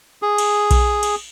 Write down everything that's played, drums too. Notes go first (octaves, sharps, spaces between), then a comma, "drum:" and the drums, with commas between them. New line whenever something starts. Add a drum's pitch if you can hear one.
G#4
drum: cymbal
drum: kick B1, cymbal
drum: cymbal